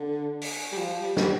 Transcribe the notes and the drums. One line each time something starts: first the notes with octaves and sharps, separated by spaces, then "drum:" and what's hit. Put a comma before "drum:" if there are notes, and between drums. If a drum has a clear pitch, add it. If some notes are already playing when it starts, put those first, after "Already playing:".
Already playing: D3
drum: open hi-hat
G3
F3
G3
G3, drum: snare